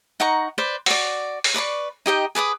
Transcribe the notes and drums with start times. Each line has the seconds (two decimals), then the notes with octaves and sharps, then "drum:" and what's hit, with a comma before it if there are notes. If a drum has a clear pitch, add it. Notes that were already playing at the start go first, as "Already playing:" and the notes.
0.20 D#4 F#5 A#5 C#6
0.58 B4 C5 D5
0.86 F#4 D5, drum: open hi-hat
1.44 drum: open hi-hat
1.54 B4 D5 B5 C#6
2.06 D#4 G4 D#5 G5
2.35 G#4 B4 D6 D#6